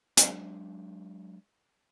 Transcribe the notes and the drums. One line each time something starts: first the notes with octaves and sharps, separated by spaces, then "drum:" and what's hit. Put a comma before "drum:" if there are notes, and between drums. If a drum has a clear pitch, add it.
F#3 G#3 D4, drum: hi-hat